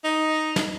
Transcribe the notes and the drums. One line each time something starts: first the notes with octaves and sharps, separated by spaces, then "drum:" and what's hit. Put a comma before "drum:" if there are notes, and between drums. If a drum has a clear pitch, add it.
D#4
drum: snare